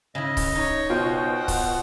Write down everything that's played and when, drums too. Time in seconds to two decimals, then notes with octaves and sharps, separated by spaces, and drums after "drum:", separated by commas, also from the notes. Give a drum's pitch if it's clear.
0.15 C#3 E4 D#5
0.37 drum: kick C#1, open hi-hat
0.55 D#4 C#5
0.90 B2 F4 C5 G5
1.36 F#5
1.48 drum: kick C#1, open hi-hat